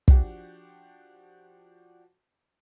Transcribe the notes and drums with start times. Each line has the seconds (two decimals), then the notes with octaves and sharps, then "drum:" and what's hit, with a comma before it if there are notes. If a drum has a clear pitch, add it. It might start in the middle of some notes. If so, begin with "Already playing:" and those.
0.08 F3 D4 F#4 G4, drum: kick